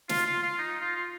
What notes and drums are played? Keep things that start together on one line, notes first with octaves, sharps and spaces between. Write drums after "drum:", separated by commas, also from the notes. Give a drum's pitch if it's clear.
F4, drum: snare
F4
F4
D#4
F4
F4